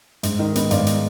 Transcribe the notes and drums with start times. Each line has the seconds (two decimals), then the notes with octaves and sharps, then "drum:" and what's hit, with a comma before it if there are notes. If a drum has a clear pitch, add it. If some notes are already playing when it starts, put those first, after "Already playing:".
0.23 G#2, drum: hi-hat
0.39 D#3
0.55 B3, drum: hi-hat
0.71 G#2 D5 F5, drum: hi-hat
0.87 drum: hi-hat